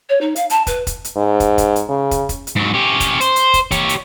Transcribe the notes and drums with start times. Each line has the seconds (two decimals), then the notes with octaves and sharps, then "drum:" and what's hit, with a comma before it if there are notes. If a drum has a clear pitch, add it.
0.09 C#5
0.21 D#4
0.36 F5, drum: hi-hat
0.50 A5, drum: hi-hat
0.67 B4, drum: kick, hi-hat
0.87 drum: kick, hi-hat
1.04 drum: hi-hat
1.17 G#2
1.40 drum: kick, hi-hat
1.58 drum: kick, hi-hat
1.76 drum: hi-hat
1.89 C#3
2.11 drum: kick, hi-hat
2.29 drum: kick, hi-hat
2.47 drum: hi-hat
2.56 G#2 F#3
2.74 C#4 G4
3.00 drum: kick, hi-hat
3.21 C5, drum: hi-hat
3.36 drum: hi-hat
3.54 drum: kick, hi-hat
3.71 G4 C#5, drum: kick, hi-hat
3.89 drum: hi-hat